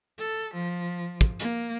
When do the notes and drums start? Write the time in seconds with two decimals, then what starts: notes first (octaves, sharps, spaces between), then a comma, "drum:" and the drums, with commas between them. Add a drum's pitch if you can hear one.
0.19 A4
0.54 F3
1.21 drum: kick
1.39 A#3, drum: hi-hat